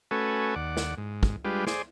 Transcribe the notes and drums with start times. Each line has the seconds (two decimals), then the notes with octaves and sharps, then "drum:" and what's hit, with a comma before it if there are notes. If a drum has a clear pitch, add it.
0.11 A3 C#4 F#4 A4 B4 G#5
0.56 D#2 D5 F#5
0.77 drum: snare
0.98 G#2
1.23 drum: kick
1.45 G3 G#3 D4 F4 G4 B4
1.67 G#4 C5 D5, drum: snare